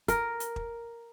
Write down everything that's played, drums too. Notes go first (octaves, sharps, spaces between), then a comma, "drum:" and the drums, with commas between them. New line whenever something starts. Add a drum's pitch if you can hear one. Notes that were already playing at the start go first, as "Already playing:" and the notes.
A#4, drum: kick, hi-hat
drum: hi-hat
drum: kick